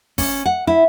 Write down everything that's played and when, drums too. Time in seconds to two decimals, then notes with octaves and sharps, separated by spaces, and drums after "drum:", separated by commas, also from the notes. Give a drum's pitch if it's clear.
0.18 C#4, drum: kick, open hi-hat
0.46 F#5
0.67 E4